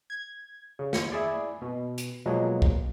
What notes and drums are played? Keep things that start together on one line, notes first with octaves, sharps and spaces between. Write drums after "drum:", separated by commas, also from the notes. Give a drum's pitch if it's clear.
G#6
C#3
D#2 C#7, drum: snare
E4 G#4 D5
B2
drum: hi-hat
B2 F3 F#3 G#3 A#3
drum: kick B1